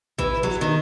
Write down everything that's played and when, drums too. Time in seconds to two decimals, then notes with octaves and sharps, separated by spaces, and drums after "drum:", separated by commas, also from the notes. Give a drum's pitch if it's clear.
0.18 E3, drum: kick A1
0.43 F#3
0.61 D#3